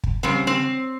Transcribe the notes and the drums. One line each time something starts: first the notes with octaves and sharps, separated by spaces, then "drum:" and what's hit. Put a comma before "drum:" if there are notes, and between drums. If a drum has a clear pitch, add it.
drum: kick
C#3 G3 C4
C4